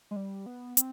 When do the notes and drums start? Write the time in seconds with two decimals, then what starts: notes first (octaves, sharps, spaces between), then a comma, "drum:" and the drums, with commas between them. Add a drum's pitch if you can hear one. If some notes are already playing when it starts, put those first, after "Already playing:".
0.11 G#3
0.16 G3
0.46 B3
0.77 C4, drum: hi-hat